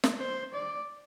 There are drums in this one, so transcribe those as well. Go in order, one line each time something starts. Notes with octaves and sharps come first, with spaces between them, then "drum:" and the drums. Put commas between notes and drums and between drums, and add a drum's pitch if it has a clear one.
drum: snare
C5
D5